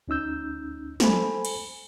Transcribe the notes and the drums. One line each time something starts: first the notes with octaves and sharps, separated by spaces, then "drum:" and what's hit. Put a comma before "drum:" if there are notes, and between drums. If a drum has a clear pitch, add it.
D2 C#4 D#4 E6 G6
A4 C5 G#5 B5, drum: snare
drum: cymbal